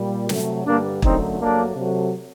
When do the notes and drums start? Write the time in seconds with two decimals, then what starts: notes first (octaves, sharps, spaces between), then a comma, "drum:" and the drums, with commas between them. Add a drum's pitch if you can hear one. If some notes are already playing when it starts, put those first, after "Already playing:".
Already playing: A#2 G3
0.29 C3 F#3 A3, drum: snare
0.65 G2 D3 G3 A#3 D4
1.02 F#2 D3 F#3 A3 C4 D#4, drum: kick
1.40 G2 F#3 A3 A#3 D4
1.76 C3 F#3 A3